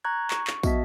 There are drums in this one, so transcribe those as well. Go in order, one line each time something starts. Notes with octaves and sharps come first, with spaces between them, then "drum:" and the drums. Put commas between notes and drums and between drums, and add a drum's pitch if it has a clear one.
A#5 C#6 F#6 G#6
C#6, drum: clap
drum: clap
B3 F#4 D#5 E5 A5 B6, drum: kick, tambourine